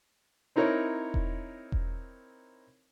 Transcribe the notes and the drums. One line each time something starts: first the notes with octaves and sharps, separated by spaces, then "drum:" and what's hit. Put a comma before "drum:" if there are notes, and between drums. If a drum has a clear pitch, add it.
C4 D#4 E4 A#4 C#5
drum: kick E1
drum: kick E1